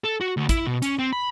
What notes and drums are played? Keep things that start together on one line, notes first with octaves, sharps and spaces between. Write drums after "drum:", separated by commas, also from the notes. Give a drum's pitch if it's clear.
A4
F#4
D2
E4, drum: kick, hi-hat
B2
C#4, drum: hi-hat
C4
B5